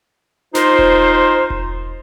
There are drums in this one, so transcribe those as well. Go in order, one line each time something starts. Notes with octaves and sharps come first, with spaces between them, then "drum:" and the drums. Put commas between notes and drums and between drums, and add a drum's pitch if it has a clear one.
D#4 F4 A#4 C5, drum: snare
drum: kick E1
drum: kick E1